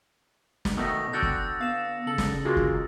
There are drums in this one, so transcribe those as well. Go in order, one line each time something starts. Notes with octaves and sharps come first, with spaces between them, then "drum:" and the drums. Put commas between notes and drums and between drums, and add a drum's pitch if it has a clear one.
drum: snare
B2 D#3 A3 B3 D#6 A#6
D3 F#4 G5 E6 G6 A6 C#7
drum: kick
B3 F5 E7
C#3 A4 F#7
drum: snare
G#3 A#3 F4 F#4 G#4
drum: kick